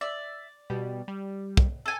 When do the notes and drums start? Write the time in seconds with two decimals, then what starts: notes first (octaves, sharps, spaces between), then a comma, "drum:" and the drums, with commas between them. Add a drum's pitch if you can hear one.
0.01 D5 E5
0.70 B2 G3
1.08 G3
1.57 drum: kick
1.86 A4 G#5